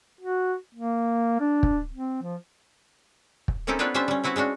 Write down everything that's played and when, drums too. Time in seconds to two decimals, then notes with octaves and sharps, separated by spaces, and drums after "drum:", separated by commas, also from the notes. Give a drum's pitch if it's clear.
0.21 F#4
0.75 A#3
1.40 D4
1.63 drum: kick
1.94 C4
2.22 F3
3.48 drum: kick
3.67 A#3 C4 C#4 D#4 E4 A4
3.79 B3 C4 D4 F4 B4 C#5
3.94 G3 C#4 D4 F4 C5 E5
4.08 G3 C#4
4.24 C4 E4 F#4 B4 C#5
4.36 G#3 C#4 D4 F#4